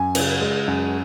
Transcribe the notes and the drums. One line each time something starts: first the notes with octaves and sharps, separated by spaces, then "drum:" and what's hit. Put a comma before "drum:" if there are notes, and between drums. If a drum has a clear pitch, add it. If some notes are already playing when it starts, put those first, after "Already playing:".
Already playing: F#2 G#5
C#3, drum: cymbal
G#3
F#2